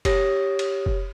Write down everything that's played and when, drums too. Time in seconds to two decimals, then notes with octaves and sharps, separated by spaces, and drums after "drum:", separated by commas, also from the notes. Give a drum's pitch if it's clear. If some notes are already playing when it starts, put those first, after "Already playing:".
0.05 G4 C#5 D#6 A#6, drum: kick F1, cymbal
0.59 drum: cymbal
0.86 drum: kick F1